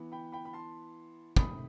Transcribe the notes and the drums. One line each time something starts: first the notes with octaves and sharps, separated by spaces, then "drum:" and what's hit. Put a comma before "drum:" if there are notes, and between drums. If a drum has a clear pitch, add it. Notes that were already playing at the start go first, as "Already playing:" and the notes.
Already playing: E3 B3
G5 B5
G5 B5
B5
A5 C6
C3 D#3 A3 B5 D#6, drum: kick